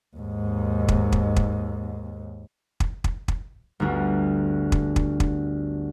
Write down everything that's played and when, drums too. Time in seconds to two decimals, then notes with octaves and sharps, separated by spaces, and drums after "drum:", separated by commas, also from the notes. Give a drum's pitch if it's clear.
0.17 D#2 G#2
0.88 drum: kick
1.12 drum: kick
1.36 drum: kick
2.80 drum: kick
3.04 drum: kick
3.28 drum: kick
3.80 G1 D2
4.72 drum: kick
4.96 drum: kick
5.20 drum: kick